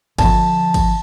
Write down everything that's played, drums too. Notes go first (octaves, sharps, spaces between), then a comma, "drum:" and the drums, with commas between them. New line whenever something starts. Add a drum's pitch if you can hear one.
D3 F3 A5, drum: kick, cymbal
drum: kick, cymbal